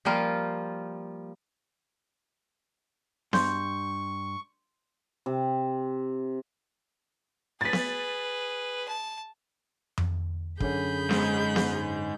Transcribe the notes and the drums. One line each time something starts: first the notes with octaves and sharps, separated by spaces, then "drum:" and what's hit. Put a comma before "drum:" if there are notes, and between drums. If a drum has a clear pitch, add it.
F3 G3 A#3 F4
G2 C6 C#6 G6, drum: snare B3
C3
G#4 B4 A6 B6
drum: snare B3
A5
drum: tom F2
F#2 D3 C#4 G#4 B5 G6, drum: kick
G#2, drum: snare B3
drum: snare B3